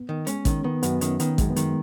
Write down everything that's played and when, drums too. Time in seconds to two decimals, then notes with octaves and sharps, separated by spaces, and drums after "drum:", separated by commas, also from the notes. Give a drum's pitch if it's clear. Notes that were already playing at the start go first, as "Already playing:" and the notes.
Already playing: B3
0.09 D#3
0.27 G#3 C#4, drum: hi-hat
0.45 D#3 C#4, drum: kick, hi-hat
0.64 D#3 B3
0.83 F#2 B3, drum: hi-hat
1.01 D#3 C#4, drum: hi-hat
1.20 D#3 B3, drum: hi-hat
1.38 F#2 G#3, drum: kick, hi-hat
1.50 B3
1.56 D#3, drum: hi-hat
1.62 G#3